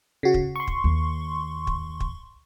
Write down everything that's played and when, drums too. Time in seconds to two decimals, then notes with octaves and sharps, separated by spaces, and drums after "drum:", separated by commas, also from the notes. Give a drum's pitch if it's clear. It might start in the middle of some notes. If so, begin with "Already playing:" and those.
0.23 C#3 F#4
0.34 drum: kick
0.56 C6 C#6
0.67 drum: kick
0.84 D#2
1.67 drum: kick
2.00 drum: kick